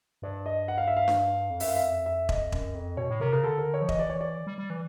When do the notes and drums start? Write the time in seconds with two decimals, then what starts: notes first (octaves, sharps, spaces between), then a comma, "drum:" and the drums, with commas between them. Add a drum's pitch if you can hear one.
0.22 G2 D5
0.46 D#5
0.68 F#5
0.78 F5
0.88 E5
0.97 F5
1.08 drum: snare D4
1.50 F2
1.60 F#2 E5, drum: open hi-hat
1.68 F5
1.76 E5
1.83 F2
2.06 E5
2.29 D#5, drum: kick E1
2.52 F#2, drum: kick E1
2.75 F2
2.97 B2 C#5
3.09 A2
3.20 C3 A#4
3.32 C#3 A#4
3.44 D3 A4
3.58 A#4
3.74 C#5
3.82 F3
3.89 E3 D#5, drum: kick E1
3.99 D5
4.10 C#5
4.21 D5
4.47 G3
4.58 G3
4.70 E3